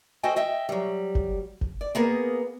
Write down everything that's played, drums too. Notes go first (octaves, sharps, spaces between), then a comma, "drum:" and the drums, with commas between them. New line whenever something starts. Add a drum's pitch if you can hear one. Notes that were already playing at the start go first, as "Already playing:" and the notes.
F#4 A4 C5 D#5 G5 G#5
D#5 E5 G5
F#3 G3
drum: kick F#1
drum: kick F#1
D5
A#3 B3 G#4 A#4